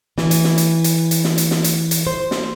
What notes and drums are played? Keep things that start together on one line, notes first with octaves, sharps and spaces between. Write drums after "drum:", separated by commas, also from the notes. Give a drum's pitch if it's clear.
E3, drum: snare
drum: hi-hat
drum: snare
drum: hi-hat
drum: hi-hat
drum: hi-hat
drum: snare
drum: hi-hat
drum: snare
drum: hi-hat
drum: hi-hat
C5
drum: snare